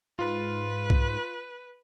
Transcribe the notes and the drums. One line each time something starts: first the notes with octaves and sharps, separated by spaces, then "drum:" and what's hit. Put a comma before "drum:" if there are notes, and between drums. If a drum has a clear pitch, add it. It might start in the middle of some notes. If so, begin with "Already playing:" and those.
G#2 F4 B4
drum: kick C2